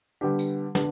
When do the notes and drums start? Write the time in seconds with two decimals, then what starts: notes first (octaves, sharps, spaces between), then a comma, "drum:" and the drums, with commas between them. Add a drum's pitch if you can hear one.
0.21 D3 G3 B3 D4 G4
0.39 drum: tambourine
0.75 D3 B3 D4, drum: snare